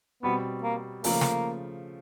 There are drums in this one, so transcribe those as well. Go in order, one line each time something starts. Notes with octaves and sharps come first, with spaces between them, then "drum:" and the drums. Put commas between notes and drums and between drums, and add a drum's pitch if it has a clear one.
B2 G3 B3 C4
A#3
C#3 F3 A3 A#3, drum: open hi-hat
drum: snare